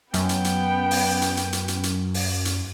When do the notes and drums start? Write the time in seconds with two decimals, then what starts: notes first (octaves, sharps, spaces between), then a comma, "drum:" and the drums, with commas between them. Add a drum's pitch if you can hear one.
0.14 F#2 B3 G5, drum: hi-hat
0.29 drum: hi-hat
0.44 drum: hi-hat
0.91 drum: open hi-hat
1.22 drum: hi-hat
1.37 drum: hi-hat
1.53 drum: hi-hat
1.68 drum: hi-hat
1.83 drum: hi-hat
2.14 drum: open hi-hat
2.45 drum: hi-hat